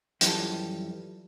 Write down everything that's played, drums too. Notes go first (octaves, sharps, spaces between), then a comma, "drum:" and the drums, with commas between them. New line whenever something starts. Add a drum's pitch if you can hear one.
F#2 E3 F3 G3 A4, drum: hi-hat